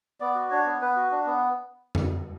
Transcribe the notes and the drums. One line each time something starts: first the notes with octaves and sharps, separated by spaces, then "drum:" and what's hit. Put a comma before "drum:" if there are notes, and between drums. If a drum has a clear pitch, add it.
B3 D5
F#4
D4 C#5
B3
B3 B4
F#4
D4
B3
drum: tom F2